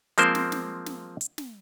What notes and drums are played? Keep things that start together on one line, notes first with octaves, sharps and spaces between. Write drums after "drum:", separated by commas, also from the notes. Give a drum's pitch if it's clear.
F3 G#3 A#3 C4 A#4 C5, drum: hi-hat
drum: snare
drum: snare
drum: snare
drum: hi-hat
drum: snare